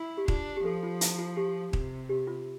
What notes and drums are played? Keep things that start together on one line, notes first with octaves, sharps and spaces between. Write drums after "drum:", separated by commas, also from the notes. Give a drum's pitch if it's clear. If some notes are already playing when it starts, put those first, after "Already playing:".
Already playing: E4
G4
D4 F4, drum: kick
G4
F3 A4
F4
E4, drum: hi-hat
F4
G4
C3, drum: kick
G4
F4